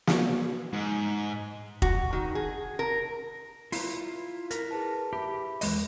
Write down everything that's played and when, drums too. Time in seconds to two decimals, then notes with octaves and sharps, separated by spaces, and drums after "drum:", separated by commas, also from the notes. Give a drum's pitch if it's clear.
0.07 drum: snare
0.73 G#2
1.82 F#4, drum: kick F1
2.13 D#3
2.35 G#4
2.79 A#4
3.72 E4 F4 A#5 C#7, drum: open hi-hat
4.51 E4 A#4 A#5 B6, drum: hi-hat
4.71 G#4 B4 A5
5.13 G4 E5 B5
5.61 E2 G#3 D#5, drum: open hi-hat